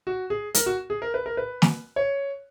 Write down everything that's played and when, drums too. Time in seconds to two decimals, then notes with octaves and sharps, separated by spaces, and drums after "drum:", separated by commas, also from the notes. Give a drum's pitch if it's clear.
0.07 F#4
0.30 G#4
0.54 A#4, drum: hi-hat
0.66 F#4
0.90 G#4
1.02 A#4
1.14 B4
1.26 A#4
1.37 B4
1.62 drum: snare
1.96 C#5